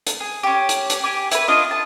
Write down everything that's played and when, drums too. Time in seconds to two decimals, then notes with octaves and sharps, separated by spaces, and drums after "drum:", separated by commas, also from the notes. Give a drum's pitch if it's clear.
0.07 drum: hi-hat
0.20 G#4
0.43 C#4 G4
0.69 drum: hi-hat
0.90 drum: hi-hat
1.04 G4 G#5 D6
1.31 E4 B4, drum: hi-hat
1.48 D4 F4 D#5
1.71 A5